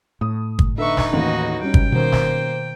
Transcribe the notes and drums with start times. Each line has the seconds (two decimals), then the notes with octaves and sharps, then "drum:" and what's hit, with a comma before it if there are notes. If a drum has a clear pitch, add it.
0.21 A2 D#6
0.59 drum: kick G1
0.78 D3 D#4 B4 E5 C#6
0.97 drum: snare
1.13 A1 D#2 F#4 D#5
1.61 G3 C#4 G5
1.74 drum: kick G1
1.92 B2 D#3 A#3 C5
2.12 drum: snare